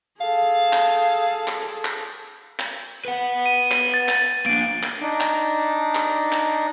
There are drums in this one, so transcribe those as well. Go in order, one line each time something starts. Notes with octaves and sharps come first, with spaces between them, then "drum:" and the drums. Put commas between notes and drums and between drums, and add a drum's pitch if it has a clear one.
G#4 A4 F5
drum: clap
drum: clap
drum: clap
drum: clap
B4 F#5
D#7
drum: clap
A6
drum: clap
A#3 D4 D7
drum: clap
D4 D#4
drum: clap
drum: clap
drum: clap